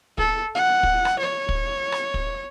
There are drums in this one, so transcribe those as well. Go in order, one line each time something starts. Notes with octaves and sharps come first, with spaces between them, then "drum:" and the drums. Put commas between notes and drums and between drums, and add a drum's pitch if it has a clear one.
A4, drum: kick
F#5
drum: kick
drum: rim click
C#5
drum: kick
drum: rim click
drum: kick